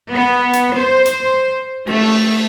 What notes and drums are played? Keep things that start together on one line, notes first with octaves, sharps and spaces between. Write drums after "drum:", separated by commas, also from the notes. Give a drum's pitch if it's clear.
B3
drum: hi-hat
C5
drum: hi-hat
A3, drum: cymbal